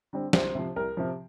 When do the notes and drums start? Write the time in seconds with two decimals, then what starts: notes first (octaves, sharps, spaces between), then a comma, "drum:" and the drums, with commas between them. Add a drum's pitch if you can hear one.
0.13 D3 G3 C4
0.33 C2 C5, drum: snare
0.55 C3 F3
0.76 C2 A#4
0.97 C3 F3